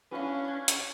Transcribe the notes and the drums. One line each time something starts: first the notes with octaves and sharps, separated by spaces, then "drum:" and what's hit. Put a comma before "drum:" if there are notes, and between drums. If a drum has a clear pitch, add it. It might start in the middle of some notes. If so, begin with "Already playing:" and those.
C#4 D4 E4 F#4 B4 F5 G#5
C#6 G#6
drum: hi-hat